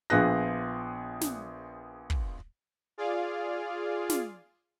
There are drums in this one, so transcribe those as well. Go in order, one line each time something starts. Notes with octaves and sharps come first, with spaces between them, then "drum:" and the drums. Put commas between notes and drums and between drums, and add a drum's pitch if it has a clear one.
A#1 F3 B3 G#4 F#6 A#6
drum: snare
drum: kick
F4 G#4 D5 F5
drum: snare